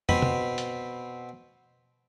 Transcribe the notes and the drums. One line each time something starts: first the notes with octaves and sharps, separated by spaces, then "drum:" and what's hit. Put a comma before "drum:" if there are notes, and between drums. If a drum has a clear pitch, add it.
B2 C4 B5, drum: tom
drum: tom
drum: hi-hat